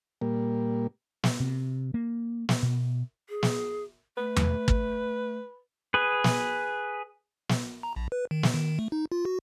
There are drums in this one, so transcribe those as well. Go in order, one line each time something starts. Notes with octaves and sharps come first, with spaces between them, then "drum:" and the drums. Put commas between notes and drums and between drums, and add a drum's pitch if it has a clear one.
A#2 G3 A#3
drum: snare
C3
A#3
drum: snare
B2
G#4
drum: snare
A3 B4
drum: tom E2
drum: kick
G#4 B4
drum: snare
drum: snare
A#5
A#1
B4
D#3
drum: snare
D#3
A3
D#4
F4
F#4